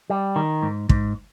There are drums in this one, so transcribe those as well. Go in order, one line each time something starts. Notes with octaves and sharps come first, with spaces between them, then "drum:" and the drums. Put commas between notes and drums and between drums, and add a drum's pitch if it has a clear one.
G3
D#3
G#2
G#2, drum: kick